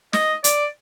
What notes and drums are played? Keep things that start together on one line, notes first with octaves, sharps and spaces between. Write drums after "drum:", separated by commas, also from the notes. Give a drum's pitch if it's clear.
D#5, drum: snare
D5, drum: hi-hat